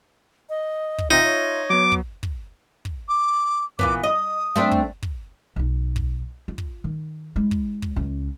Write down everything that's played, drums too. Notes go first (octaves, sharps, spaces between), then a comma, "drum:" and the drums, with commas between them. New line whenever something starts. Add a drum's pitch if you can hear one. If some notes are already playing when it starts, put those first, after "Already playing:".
D#5
drum: kick
C4 D#4 F4 E5 A#5
C#5
F#3 B3 D6
drum: kick
drum: kick
drum: kick
D6
A#2 E3 B3 D6, drum: kick
D#5 D#6
A3 C4 D4
drum: kick
drum: kick
B1 D#4
drum: kick
F4
drum: kick
D#3
G#3 E4
drum: kick
drum: kick
C#2 C#4